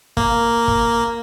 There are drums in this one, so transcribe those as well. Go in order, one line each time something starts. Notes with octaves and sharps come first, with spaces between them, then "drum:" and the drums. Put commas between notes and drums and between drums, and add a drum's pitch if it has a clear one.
A#3, drum: kick
drum: kick